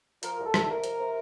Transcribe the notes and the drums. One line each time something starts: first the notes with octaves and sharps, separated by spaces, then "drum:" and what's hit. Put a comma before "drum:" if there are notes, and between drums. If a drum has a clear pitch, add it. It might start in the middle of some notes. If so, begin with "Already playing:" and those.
F3 A#4, drum: hi-hat
C2
A4
C2, drum: rim click
A4
C3 A#4
F2, drum: hi-hat
C3